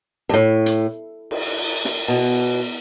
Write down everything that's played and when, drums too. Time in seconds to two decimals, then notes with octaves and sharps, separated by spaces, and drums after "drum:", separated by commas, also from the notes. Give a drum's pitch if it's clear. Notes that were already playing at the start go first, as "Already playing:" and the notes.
0.29 G2
0.34 A2
0.66 drum: hi-hat
1.31 drum: cymbal
1.85 drum: snare
2.08 B2